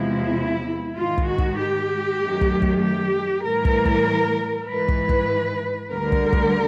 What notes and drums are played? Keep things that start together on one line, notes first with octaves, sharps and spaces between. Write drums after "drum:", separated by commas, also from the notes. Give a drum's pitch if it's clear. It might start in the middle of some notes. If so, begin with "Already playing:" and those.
Already playing: E2 C3 F3 G#3 E4
G#2 D#3 G#3 F4
drum: kick
F#4
drum: kick
G4
F#2 D#3 F#3 A3
drum: kick
drum: kick
G4
A2 E3 G3 A#4
drum: kick
drum: kick
G#2 E3 G#3 B4
drum: kick
drum: kick
D2 D3 G3 A#4
drum: kick
drum: kick